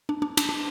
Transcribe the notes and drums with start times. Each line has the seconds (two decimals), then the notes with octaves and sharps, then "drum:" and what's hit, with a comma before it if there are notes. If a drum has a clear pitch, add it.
0.09 D4
0.22 D4
0.37 D4, drum: cymbal
0.49 D4